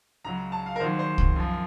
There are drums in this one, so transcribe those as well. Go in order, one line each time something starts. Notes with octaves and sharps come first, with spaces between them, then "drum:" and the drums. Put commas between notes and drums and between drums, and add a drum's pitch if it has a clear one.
C#2 C#3 F#3 A#5
A5
F5
A#4
D#2 D#3 F#3 C5
C5
drum: kick C2
F#2 F3